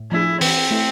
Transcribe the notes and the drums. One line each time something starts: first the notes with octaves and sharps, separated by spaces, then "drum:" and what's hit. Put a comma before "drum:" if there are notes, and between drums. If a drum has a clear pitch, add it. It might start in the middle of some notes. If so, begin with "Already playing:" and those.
Already playing: A2
F3 A3 D4 E4 G#4
E3 C4, drum: open hi-hat
A3 E4 A4